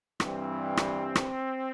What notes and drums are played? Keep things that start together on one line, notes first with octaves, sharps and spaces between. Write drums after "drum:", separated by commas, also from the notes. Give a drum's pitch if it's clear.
G2 E3 G3 C4, drum: rim click
drum: rim click
drum: rim click